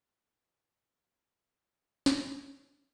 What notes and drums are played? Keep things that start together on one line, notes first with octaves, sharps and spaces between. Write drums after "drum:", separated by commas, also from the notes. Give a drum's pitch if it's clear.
G#3 B3
F4
drum: snare